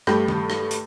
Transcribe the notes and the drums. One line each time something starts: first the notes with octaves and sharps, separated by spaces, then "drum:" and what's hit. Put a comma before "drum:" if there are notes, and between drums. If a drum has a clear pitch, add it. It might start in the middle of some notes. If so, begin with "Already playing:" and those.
G2 A3 G4 B5 G6, drum: rim click
drum: tom D#3
drum: rim click
drum: hi-hat